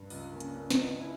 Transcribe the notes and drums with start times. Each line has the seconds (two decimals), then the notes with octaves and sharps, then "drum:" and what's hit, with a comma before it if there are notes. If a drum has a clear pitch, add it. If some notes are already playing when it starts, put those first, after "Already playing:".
Already playing: G2
0.10 C#2, drum: open hi-hat
0.32 A#3 C#4
0.40 C#3, drum: hi-hat
0.55 A#3 C#4
0.70 C#2, drum: snare
0.77 B3 D#4
1.00 C#4 E4